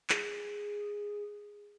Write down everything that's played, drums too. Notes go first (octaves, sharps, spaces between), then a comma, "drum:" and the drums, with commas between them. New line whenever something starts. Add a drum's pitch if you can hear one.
G#4, drum: clap